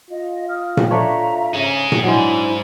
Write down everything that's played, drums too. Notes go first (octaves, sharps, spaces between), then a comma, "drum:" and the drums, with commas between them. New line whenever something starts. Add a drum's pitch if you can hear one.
F4 D#5
D#6 F6
drum: tom A#2
A3 D4 C#5 E5 A#5
C#3 D#4 G#4
drum: tom A#2
G#2 F#3 G#3 D4 E4